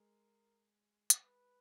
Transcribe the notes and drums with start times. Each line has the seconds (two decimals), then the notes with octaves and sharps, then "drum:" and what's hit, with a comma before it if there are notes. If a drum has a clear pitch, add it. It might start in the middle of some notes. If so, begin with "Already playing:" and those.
Already playing: G#3 A#4
1.10 drum: hi-hat
1.23 B4